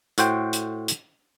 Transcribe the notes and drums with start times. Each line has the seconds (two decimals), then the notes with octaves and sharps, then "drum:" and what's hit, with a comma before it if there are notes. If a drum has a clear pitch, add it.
0.18 A2 F#4 C5 G5, drum: hi-hat
0.53 drum: hi-hat
0.88 drum: hi-hat